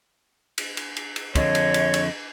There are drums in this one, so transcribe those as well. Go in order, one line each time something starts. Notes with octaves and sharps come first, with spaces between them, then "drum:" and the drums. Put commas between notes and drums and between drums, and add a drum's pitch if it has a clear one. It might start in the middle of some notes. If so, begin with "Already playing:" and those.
drum: cymbal
drum: cymbal
drum: cymbal
drum: cymbal
F2 D3 C#5 D#5, drum: kick, cymbal
drum: cymbal
drum: cymbal
drum: cymbal